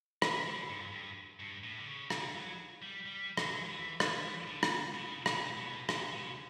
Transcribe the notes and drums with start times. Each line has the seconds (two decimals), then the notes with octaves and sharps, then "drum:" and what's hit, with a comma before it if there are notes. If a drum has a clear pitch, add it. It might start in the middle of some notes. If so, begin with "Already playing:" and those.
0.22 E3, drum: rim click
0.45 D3
0.69 G2
0.92 G2
1.40 G2
1.64 A2
1.78 D3
1.87 C#3
2.10 D3, drum: rim click
2.35 F#3
2.82 G3
3.05 G3
3.37 F#3, drum: rim click
3.69 E3
4.00 E3, drum: rim click
4.47 D3
4.63 drum: rim click
4.94 C#3
5.26 B2, drum: rim click
5.57 B2
5.89 B2, drum: rim click
6.12 C#3